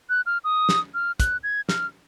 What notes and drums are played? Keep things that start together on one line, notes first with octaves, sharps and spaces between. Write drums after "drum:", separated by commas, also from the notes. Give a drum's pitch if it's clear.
F#6
F6
D#6
drum: snare
F6
F#6, drum: kick, hi-hat
G#6
F6, drum: snare